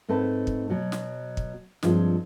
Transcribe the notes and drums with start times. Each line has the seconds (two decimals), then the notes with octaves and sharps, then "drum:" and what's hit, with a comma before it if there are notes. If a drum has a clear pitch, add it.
0.09 G#2 A3 C4 B4 A5
0.47 drum: kick
0.70 B2 F#3
0.92 drum: snare
1.37 drum: kick
1.83 G2 F3 G#3 C4 F4, drum: snare